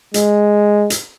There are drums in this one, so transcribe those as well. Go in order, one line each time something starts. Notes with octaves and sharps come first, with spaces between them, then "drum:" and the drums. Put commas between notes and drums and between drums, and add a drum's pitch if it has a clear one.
G#3, drum: hi-hat
drum: hi-hat